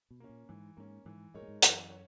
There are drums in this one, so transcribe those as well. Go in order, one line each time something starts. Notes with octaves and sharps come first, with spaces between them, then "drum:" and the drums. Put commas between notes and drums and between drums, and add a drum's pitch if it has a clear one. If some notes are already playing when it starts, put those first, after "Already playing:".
B2
A#3 C#4
A#2
G#2 E3
G#2 A#3 C#4
G#2 E3
G#2 G#3 D#4 A#4 C#5
A#2
G#2
F#2 E3, drum: hi-hat
C#5